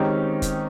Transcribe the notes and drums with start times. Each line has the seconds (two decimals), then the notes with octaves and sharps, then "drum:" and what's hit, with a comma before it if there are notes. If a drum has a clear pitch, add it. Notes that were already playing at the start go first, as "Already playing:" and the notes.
Already playing: D#3 G#3 C4 C#4 D#4 G4
0.42 drum: kick F1, hi-hat